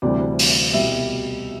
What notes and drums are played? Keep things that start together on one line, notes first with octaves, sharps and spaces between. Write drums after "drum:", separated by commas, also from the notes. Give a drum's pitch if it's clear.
D2 C3 E3 G3 D5
drum: open hi-hat
C2 B2 G3 E5